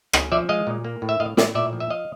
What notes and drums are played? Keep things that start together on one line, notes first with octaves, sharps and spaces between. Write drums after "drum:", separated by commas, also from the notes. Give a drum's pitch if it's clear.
C#4 D#5 F5, drum: rim click
F3 D5 E5
G#3 D#5 F5
A#2
A#3
A2
E5
A2 D#5 F5
A2 D5 E5, drum: snare
A#2 D5 E5
F3
E5
F3 D#5 F5